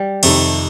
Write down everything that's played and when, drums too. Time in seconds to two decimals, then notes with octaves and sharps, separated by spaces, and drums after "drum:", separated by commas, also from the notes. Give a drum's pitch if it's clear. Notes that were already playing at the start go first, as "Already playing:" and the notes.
Already playing: G3
0.23 F2 C3 D#3 A3, drum: cymbal